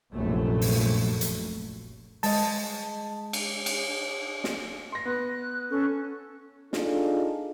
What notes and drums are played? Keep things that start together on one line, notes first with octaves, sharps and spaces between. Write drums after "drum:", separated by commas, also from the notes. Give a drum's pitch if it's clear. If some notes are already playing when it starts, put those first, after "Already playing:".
F1 A#1 F#2 A3
drum: open hi-hat
drum: hi-hat
G#3 D#5 A5, drum: open hi-hat
drum: cymbal
drum: cymbal
drum: snare
C6 A#6
B3 F#6
C#4 A4 C#6
D4 D#4 F4 G#4 A4, drum: snare